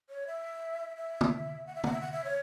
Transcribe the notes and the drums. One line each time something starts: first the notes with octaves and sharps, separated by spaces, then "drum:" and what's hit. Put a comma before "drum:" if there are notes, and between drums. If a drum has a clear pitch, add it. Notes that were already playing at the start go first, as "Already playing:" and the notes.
C#5
E5
E5
drum: tom
F#5
E5
F#5, drum: tom
E5
F#5
E5
C#5